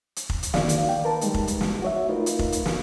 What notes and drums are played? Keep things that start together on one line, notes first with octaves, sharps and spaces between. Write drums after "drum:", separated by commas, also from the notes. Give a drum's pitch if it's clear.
drum: hi-hat
drum: kick
drum: hi-hat
D#3 A#3 D5 F5, drum: snare
drum: hi-hat
G5
A#4 B4 A5
G3 G#3 D#4, drum: hi-hat
drum: kick
drum: hi-hat
drum: snare
F#4 C#5 E5
A3 D#4 F4 A#4 B4
drum: hi-hat
drum: kick
drum: hi-hat
drum: snare